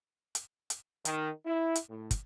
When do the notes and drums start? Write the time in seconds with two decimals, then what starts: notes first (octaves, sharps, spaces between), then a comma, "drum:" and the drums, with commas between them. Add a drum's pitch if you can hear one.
0.35 drum: hi-hat
0.70 drum: hi-hat
1.05 D#3, drum: hi-hat
1.46 E4
1.75 drum: hi-hat
1.90 A2
2.11 drum: kick, hi-hat